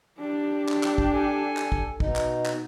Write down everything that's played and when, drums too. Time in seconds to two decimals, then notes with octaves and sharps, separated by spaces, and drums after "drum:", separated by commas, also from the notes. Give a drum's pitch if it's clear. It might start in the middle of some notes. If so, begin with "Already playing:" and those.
0.20 D4 G4
0.69 drum: clap
0.83 drum: clap
0.98 drum: kick
1.13 A4 G#5
1.57 drum: clap
1.72 drum: kick
2.00 B2 D#4, drum: kick
2.16 drum: clap
2.46 drum: clap